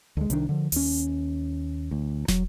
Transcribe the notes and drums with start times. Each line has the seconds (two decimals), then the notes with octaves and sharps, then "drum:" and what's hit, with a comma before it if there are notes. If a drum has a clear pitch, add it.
0.17 D2 G#3
0.30 C2 D#3 D4, drum: hi-hat
0.49 D3 F3
0.72 D#2 C#4, drum: open hi-hat
1.91 D2
2.28 F#3, drum: snare